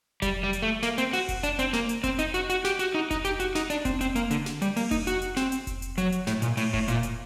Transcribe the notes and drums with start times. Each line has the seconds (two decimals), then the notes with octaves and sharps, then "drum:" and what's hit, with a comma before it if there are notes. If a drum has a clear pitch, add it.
0.22 G3, drum: kick F1, hi-hat
0.44 G3
0.53 drum: hi-hat
0.62 A3
0.83 A#3, drum: snare
0.98 C4, drum: hi-hat
1.13 F#4, drum: open hi-hat
1.29 drum: kick F1, hi-hat
1.43 D4, drum: hi-hat
1.59 C4, drum: hi-hat
1.73 A#3, drum: snare
1.89 drum: hi-hat
2.04 C4, drum: kick F1, hi-hat
2.19 D#4, drum: hi-hat
2.34 F#4, drum: hi-hat
2.50 F#4, drum: hi-hat
2.65 G4, drum: snare
2.79 F#4, drum: hi-hat
2.95 D#4
3.11 D#4, drum: kick F1, hi-hat
3.25 G4, drum: hi-hat
3.40 F#4, drum: hi-hat
3.55 D#4, drum: snare
3.70 D4, drum: hi-hat
3.85 C4, drum: kick F1, hi-hat
4.01 C4, drum: hi-hat
4.16 A#3, drum: hi-hat
4.31 D3, drum: hi-hat
4.46 drum: snare
4.62 G3, drum: hi-hat
4.76 A#3, drum: open hi-hat
4.91 D#4, drum: kick F1, hi-hat
5.07 F#4, drum: hi-hat
5.22 drum: hi-hat
5.37 C4, drum: snare
5.52 drum: hi-hat
5.67 drum: kick F1, hi-hat
5.82 drum: hi-hat
5.98 F#3, drum: hi-hat
6.12 drum: hi-hat
6.27 A2, drum: snare
6.42 A#2, drum: hi-hat
6.57 A2, drum: open hi-hat
6.73 A2, drum: kick F1
6.88 A#2, drum: hi-hat
7.03 drum: hi-hat